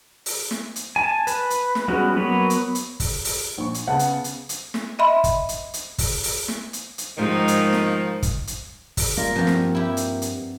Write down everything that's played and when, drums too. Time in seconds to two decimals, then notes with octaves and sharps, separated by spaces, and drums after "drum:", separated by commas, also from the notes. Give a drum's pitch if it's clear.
0.26 drum: open hi-hat
0.51 drum: snare
0.76 drum: hi-hat
0.96 G#5 A5
1.27 B4, drum: hi-hat
1.50 drum: hi-hat
1.75 drum: snare
1.88 G3 G#3 B3 C#4 F#4
2.16 F#3 A#3 B3 B4 C#5
2.50 drum: hi-hat
2.75 drum: hi-hat
3.00 drum: kick, open hi-hat
3.25 drum: open hi-hat
3.58 A#1 C#6
3.74 drum: hi-hat
3.88 C#3 B3 F#5 A5
3.99 drum: hi-hat
4.24 drum: hi-hat
4.49 drum: hi-hat
4.74 drum: snare
4.99 D#5 E5 B5 C6
5.24 drum: kick, hi-hat
5.49 drum: hi-hat
5.74 drum: hi-hat
5.98 drum: kick, open hi-hat
6.23 drum: open hi-hat
6.48 drum: snare
6.73 drum: hi-hat
6.98 drum: hi-hat
7.17 G#2 D#3 F3 D#4
7.48 drum: hi-hat
7.73 drum: snare
8.22 drum: kick, hi-hat
8.47 drum: hi-hat
8.97 drum: kick, open hi-hat
9.17 G3 A#3 F4 A#4 A#6
9.36 G2 F3 C4 G4
9.47 drum: snare
9.75 E4 G4
9.97 drum: hi-hat
10.22 drum: hi-hat